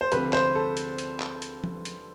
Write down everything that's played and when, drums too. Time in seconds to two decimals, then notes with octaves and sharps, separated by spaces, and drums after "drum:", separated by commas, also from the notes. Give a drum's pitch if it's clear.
0.01 C5
0.12 D2 C3 F3 C4 G4 B4, drum: hi-hat
0.33 C5, drum: clap
0.55 A4
0.77 drum: hi-hat
0.98 drum: hi-hat
1.20 drum: clap
1.42 drum: hi-hat
1.64 drum: tom F3
1.85 drum: hi-hat